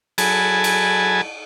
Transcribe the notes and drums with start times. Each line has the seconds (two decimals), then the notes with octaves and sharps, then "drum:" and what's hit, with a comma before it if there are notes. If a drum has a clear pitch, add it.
0.18 F#3 G#4 A4 G#5 A5 B5, drum: cymbal
0.64 drum: cymbal